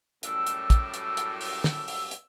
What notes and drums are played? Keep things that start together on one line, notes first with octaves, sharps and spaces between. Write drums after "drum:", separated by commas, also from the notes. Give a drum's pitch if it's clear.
F#2 A2 G3 E6, drum: hi-hat
drum: hi-hat
drum: kick, hi-hat
drum: hi-hat
drum: hi-hat
drum: open hi-hat
drum: snare
drum: open hi-hat
drum: hi-hat